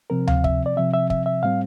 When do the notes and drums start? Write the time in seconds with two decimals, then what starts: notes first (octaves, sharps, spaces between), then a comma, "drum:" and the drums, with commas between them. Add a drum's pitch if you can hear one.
0.10 C3 F3 C4 A#4
0.28 F5, drum: tom D2
0.44 E5, drum: kick
0.66 D5
0.77 C3 F3 C4 E5
0.94 E5
1.10 E5, drum: kick
1.26 E5
1.43 A2 G3 C4 F5